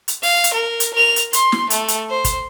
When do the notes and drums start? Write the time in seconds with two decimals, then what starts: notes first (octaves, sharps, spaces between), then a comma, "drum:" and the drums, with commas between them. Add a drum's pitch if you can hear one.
0.08 drum: hi-hat
0.23 F5, drum: open hi-hat
0.44 drum: hi-hat
0.54 A#4
0.80 drum: hi-hat
0.94 A#4 F7
1.16 drum: hi-hat
1.33 C6, drum: hi-hat
1.52 drum: snare
1.70 A3, drum: hi-hat
1.88 drum: hi-hat
2.10 C5
2.24 drum: kick, hi-hat